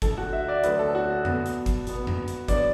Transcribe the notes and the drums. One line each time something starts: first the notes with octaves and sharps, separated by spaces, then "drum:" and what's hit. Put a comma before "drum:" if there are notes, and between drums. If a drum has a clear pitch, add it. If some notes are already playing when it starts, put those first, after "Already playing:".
D2 D3 A3 A4, drum: kick, hi-hat
F#4
E5
D5
D2 D3 F#3 A3 B4, drum: hi-hat
A4
F#4
A4
B2 B3, drum: tom F2
drum: hi-hat
drum: kick, hi-hat
B2 B3, drum: hi-hat
drum: tom F2
drum: hi-hat
D3 F#3 B3 D5, drum: kick, hi-hat